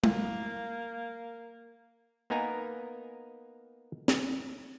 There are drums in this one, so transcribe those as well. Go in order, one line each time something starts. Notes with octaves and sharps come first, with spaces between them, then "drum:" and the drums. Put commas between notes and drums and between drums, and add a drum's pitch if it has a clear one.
A#3, drum: tom G#3
A#3 B3 D#4 A#4 G#5 A#5
drum: snare